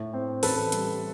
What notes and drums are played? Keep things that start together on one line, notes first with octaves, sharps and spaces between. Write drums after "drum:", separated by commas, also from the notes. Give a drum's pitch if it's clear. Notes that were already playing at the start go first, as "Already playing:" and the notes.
Already playing: A2
C4
A1 A4 B4, drum: open hi-hat
G3, drum: hi-hat